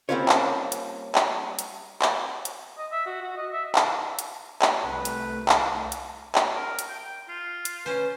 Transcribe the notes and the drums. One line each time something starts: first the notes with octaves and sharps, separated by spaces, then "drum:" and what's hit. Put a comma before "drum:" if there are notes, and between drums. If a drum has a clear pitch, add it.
G3 A#3 C4 C#4 F4 C#5
drum: clap
drum: hi-hat
drum: clap
drum: hi-hat
drum: clap
drum: hi-hat
D#5
E5
F#4
F#4
D#5
E5
drum: clap
drum: hi-hat
drum: clap
C2 A3 B4
drum: hi-hat
drum: clap
drum: hi-hat
drum: clap
A#4
drum: hi-hat
G5
F4
drum: hi-hat
C#4 B4 C5